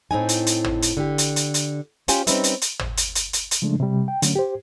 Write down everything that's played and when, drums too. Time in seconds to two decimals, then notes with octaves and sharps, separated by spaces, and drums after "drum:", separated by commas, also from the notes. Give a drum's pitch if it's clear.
0.11 A2 C4 D#4 G#5
0.29 drum: hi-hat
0.47 drum: hi-hat
0.64 drum: tom G#1
0.82 drum: hi-hat
0.97 D3 G4
1.18 drum: hi-hat
1.36 drum: hi-hat
1.54 drum: hi-hat
2.08 C#4 F4 G4 C5 F5 G#5, drum: hi-hat
2.27 G3 C4 C#4 D#4 B4 E5, drum: hi-hat
2.44 drum: hi-hat
2.62 drum: hi-hat
2.79 drum: tom G#1
2.97 drum: hi-hat
3.15 drum: hi-hat
3.33 drum: hi-hat
3.51 drum: hi-hat
3.62 C#3 F3 G#3 A3 D4
3.80 C3 G3
4.08 G5
4.22 D3 F#3 A3 C#4, drum: hi-hat
4.36 G4 C5